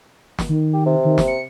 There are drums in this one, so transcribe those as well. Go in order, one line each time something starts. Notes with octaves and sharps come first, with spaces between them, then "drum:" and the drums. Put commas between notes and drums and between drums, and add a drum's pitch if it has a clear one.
drum: snare
D#3
G4
C3
D#3
drum: snare
C#7